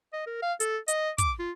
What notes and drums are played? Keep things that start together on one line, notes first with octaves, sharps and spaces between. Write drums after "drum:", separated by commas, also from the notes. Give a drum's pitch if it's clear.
D#5
A#4
F5
A4, drum: hi-hat
D#5, drum: hi-hat
D6, drum: kick, hi-hat
F4